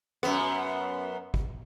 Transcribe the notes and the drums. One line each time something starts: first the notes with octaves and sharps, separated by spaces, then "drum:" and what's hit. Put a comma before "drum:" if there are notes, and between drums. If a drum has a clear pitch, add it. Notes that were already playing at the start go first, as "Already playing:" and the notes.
F#2 B3, drum: rim click
drum: kick